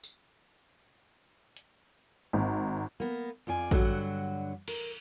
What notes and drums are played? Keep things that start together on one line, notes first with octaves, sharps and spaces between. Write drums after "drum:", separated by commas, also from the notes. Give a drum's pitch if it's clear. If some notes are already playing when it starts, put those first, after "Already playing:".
drum: tambourine
drum: hi-hat
G#1
A#3 B3
F2 F4 D5 G#5
G2 D3 F#3 F#4 F#5, drum: kick A1
A#4, drum: cymbal